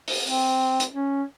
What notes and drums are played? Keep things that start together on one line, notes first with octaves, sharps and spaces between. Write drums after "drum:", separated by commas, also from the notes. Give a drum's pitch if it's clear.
drum: open hi-hat
C4
drum: hi-hat
C#4